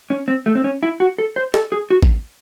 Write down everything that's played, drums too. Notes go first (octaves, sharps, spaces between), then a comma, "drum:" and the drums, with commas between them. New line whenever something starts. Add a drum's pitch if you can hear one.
C#4
C4
A3
C4
C#4
E4
F#4
A4
C5
A4, drum: snare
G#4
F#4
drum: kick A1